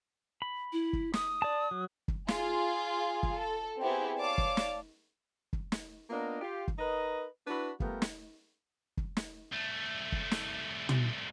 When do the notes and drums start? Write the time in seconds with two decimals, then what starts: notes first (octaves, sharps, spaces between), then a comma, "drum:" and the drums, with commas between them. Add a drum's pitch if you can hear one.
0.42 B5
0.73 E4
0.93 drum: kick
1.13 D#6, drum: snare
1.42 D5 A5
1.71 F#3
2.08 drum: kick
2.28 F4 G#4, drum: snare
3.23 drum: kick
3.36 A4
3.80 B3 C4 E4 G4 G#4
4.19 C#5 D5 F5 A5 D6
4.38 drum: kick
4.57 drum: snare
5.53 drum: kick
5.72 drum: snare
6.10 A#3 B3 D4 F4 A#4 D#5
6.42 F4 G4
6.68 drum: kick
6.79 D#4 A#4 B4 D#5
7.47 D4 E4 F#4 B4
7.80 G3 A3 B3 F4 A#4 G5, drum: kick
8.02 drum: snare
8.97 drum: kick
9.17 drum: snare
9.53 C2 A3
10.12 drum: kick
10.31 drum: snare
10.89 drum: tom